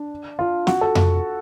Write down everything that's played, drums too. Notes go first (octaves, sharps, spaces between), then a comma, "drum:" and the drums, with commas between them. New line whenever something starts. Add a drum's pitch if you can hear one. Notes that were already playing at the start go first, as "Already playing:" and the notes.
Already playing: D4
F4
F#4, drum: snare
A4
drum: tom F2